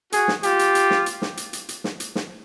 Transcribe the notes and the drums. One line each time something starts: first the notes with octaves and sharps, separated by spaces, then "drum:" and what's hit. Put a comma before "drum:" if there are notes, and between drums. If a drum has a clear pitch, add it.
F#4 G#4, drum: hi-hat
drum: snare
F4 G4, drum: hi-hat
drum: hi-hat
drum: hi-hat
drum: snare
drum: hi-hat
drum: snare
drum: hi-hat
drum: hi-hat
drum: hi-hat
drum: snare
drum: hi-hat
drum: snare